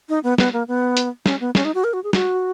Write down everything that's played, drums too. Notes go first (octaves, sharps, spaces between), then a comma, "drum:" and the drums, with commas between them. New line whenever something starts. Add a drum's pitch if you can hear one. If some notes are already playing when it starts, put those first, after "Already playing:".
D#4
B3
B3, drum: snare
A#3
B3
drum: hi-hat
C#4, drum: snare
B3
C#4, drum: snare
D#4
F#4
A#4
F#4
G#4
F#4, drum: snare